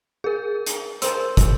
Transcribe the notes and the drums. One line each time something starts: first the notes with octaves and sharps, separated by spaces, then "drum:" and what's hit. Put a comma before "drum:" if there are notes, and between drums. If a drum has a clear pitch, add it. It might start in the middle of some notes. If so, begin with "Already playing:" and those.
G#4 A#4
drum: hi-hat
A#4 C5 E6, drum: hi-hat
drum: kick, hi-hat